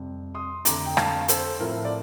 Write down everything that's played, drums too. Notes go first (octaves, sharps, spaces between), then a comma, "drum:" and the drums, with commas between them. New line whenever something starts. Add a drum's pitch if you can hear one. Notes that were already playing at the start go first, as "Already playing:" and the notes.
Already playing: F2 C3 G3
C6 D#6
F2 D3 A3 A#5 D6, drum: hi-hat
G5
F5 A5, drum: rim click
A4 C5, drum: hi-hat
A2 F3 A3 C4 F4 A#4
D5